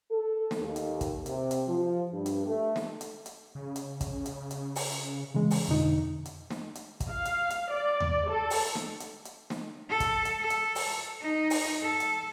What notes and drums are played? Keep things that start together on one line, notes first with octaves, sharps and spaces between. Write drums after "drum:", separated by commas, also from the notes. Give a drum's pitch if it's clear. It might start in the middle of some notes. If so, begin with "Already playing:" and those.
A4
drum: snare
D#2
drum: hi-hat
drum: kick, hi-hat
C3, drum: hi-hat
drum: hi-hat
F3
G2
drum: hi-hat
A3
drum: snare
drum: hi-hat
drum: hi-hat
C#3
drum: hi-hat
drum: kick, hi-hat
drum: hi-hat
drum: hi-hat
drum: open hi-hat
C#3 E3 G#3
drum: open hi-hat
F2 B2 D3 D#4
drum: hi-hat
drum: snare
drum: hi-hat
drum: kick, hi-hat
F5
drum: hi-hat
drum: hi-hat
D5
drum: tom D#2
A4
drum: open hi-hat
drum: snare
drum: hi-hat
drum: hi-hat
drum: snare
A4
drum: kick, hi-hat
drum: hi-hat
A4
drum: hi-hat
drum: open hi-hat
D#4
drum: open hi-hat
A4
drum: hi-hat